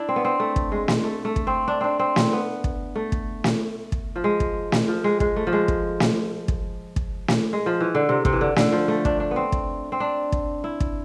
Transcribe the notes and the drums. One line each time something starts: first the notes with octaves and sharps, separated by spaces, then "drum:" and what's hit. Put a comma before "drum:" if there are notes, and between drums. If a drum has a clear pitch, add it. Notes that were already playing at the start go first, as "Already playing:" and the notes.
Already playing: D4 E4
C4
B3
C4
A3
drum: kick
G#3
drum: snare
A3
A3
drum: kick
C4
D4
C4 D4
C4
drum: snare
B3
drum: kick
A3
drum: kick
drum: snare
drum: kick
F3
G#3
drum: kick
drum: snare
F3
G#3
G#3, drum: kick
A3
F3
G#3
drum: kick
drum: snare
drum: kick
drum: kick
drum: snare
G#3
F3
E3
D3
C3
C3, drum: kick
E3
D3
D3, drum: snare
F3
A3
D4, drum: kick
D4
B3 C4
drum: kick
C4
D4
drum: kick
E4
drum: kick